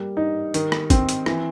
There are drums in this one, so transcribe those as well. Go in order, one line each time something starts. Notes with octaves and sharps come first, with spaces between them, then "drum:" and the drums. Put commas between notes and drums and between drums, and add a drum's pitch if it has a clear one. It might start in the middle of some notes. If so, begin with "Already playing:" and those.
Already playing: G3 A#3
D#4
D#3, drum: hi-hat
drum: rim click
C4, drum: kick, hi-hat
drum: hi-hat
E3, drum: rim click